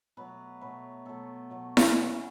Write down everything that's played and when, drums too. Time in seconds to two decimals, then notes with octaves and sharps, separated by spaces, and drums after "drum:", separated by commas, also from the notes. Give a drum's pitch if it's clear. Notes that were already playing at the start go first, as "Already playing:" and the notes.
0.17 B2 F#3 A3 B4
0.61 B2 F#3 A3 B4
1.05 B2 F#3 A3 A4
1.50 B2 F#3 A3
1.77 drum: snare E4
1.95 C#3 G#3 B3
2.09 C#4